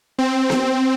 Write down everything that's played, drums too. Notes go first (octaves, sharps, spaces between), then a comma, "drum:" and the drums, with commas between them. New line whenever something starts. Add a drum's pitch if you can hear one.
C4
drum: snare B3